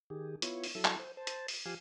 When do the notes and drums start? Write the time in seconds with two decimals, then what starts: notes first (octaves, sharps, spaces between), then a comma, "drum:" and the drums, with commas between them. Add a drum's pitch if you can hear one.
0.10 D#3 G4 G#4
0.42 B3 E4 F4 C#5, drum: hi-hat
0.64 drum: open hi-hat
0.75 F#3 E4 A4
0.85 drum: clap
0.99 C5
1.17 C5 A5
1.27 drum: hi-hat
1.48 drum: open hi-hat
1.66 F3 G4 F5 G#5